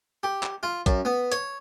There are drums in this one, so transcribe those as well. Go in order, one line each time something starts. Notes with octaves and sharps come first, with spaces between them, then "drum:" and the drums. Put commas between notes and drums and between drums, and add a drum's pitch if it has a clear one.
G4
drum: clap
F4
F#2, drum: kick A#1, hi-hat
B3
C#5, drum: hi-hat